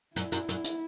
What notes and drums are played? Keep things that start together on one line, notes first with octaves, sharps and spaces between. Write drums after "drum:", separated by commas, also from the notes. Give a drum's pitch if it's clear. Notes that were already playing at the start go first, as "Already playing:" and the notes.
F#2 E4, drum: hi-hat
F#2, drum: hi-hat
F#2, drum: hi-hat
drum: hi-hat